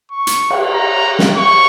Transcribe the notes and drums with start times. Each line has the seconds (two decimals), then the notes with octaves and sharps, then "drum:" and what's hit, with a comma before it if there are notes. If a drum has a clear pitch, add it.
0.12 C#6
0.27 drum: hi-hat
0.50 drum: cymbal
0.74 A#5
1.19 drum: snare
1.36 C#6